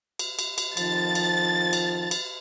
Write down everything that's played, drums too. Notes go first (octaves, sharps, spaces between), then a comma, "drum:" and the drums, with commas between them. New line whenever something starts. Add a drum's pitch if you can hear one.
drum: cymbal
drum: cymbal
drum: cymbal
F2 D#3 F3 A6, drum: cymbal
drum: cymbal
drum: cymbal
drum: cymbal